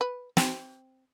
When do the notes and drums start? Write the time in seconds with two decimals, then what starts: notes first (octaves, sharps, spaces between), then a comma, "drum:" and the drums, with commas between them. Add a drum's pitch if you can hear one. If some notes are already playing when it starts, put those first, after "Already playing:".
0.01 B4
0.37 C4, drum: snare